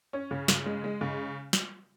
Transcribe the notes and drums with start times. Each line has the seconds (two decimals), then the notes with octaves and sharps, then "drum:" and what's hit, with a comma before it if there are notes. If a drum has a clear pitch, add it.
0.13 C#4
0.31 C#3
0.48 C#3, drum: snare
0.66 G#3
0.84 G#3
1.01 C#3
1.53 drum: snare